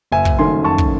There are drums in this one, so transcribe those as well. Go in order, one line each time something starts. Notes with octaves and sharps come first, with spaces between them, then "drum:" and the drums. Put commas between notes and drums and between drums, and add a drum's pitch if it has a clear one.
F#1 E5 G#5
drum: kick
F#2 D#3 A3 C#4 G#5 C6
F#1 A5 C#6
drum: kick